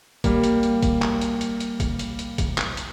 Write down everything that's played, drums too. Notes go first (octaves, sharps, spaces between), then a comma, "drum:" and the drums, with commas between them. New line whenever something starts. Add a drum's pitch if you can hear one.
G3 A#3, drum: kick, hi-hat
drum: hi-hat
drum: hi-hat
drum: kick, hi-hat
drum: clap
drum: hi-hat
drum: hi-hat
drum: hi-hat
drum: kick, hi-hat
drum: hi-hat
drum: hi-hat
drum: kick, hi-hat
drum: clap
drum: hi-hat